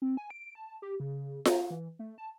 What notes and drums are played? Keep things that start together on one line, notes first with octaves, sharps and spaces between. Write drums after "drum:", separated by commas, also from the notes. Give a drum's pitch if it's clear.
C4
G#5
D7
A5
G4
C#3
A#5, drum: snare F4
E3
A3
A5